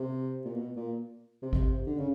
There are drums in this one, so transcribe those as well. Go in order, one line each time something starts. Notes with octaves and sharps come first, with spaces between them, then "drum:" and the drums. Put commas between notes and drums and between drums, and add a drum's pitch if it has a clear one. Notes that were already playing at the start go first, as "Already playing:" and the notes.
Already playing: C3
A#2
B2
A#2
C3
drum: kick G#1
D3
C#3